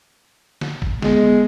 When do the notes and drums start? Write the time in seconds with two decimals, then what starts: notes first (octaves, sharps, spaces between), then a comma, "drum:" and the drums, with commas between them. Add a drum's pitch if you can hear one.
0.61 drum: snare
0.82 drum: kick
1.02 G#3 B3, drum: snare